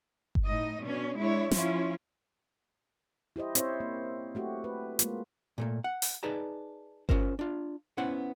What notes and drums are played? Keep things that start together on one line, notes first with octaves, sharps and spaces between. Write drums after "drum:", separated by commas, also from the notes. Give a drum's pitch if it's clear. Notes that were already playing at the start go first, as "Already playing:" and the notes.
drum: kick G1
A2 D#4 D#5
B2 C#4 D4
G#3 D4 E4 C#5
F3 C#4 E4 F4, drum: snare
E4 G4 C5 D#5
C4 E4 C5 C#5 E5, drum: hi-hat
A#3
A3 F#4 G4
B4
G#3 A#3 F4, drum: hi-hat
A#2 A3 A#3
F#5
drum: open hi-hat
D#4 G#4 B4 D5 A5 A#5
C#4 D4 F4 A#4 C5, drum: kick G1
D4 F4
B3 C#4 E4 C5 F#5